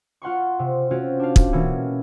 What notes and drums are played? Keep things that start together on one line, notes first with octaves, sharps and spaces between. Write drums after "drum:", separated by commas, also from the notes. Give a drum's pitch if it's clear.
F4 F#5 C6 C#6
C3
C4 C#4 F4 F#4
D4 F5
drum: kick
B2 E3 A#3 C#4